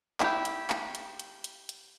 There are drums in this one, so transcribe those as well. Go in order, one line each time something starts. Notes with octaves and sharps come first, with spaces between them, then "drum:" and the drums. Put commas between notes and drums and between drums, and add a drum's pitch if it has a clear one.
E4 G4, drum: clap
drum: hi-hat
drum: clap
drum: hi-hat
drum: hi-hat
drum: hi-hat
drum: hi-hat